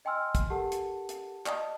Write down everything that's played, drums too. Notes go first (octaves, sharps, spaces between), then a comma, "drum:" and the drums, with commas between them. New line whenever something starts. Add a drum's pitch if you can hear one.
D#5 G5 G#5 C6 E6 F6
drum: kick, hi-hat
G4 A4 A#4 F#5 A5
drum: hi-hat
drum: hi-hat
D5 D#5 A5 D#6, drum: clap